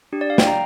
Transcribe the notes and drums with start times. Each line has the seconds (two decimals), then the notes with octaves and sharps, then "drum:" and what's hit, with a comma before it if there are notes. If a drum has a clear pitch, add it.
0.13 D4 G4
0.21 D5
0.30 F5
0.38 G5, drum: snare
0.47 A#5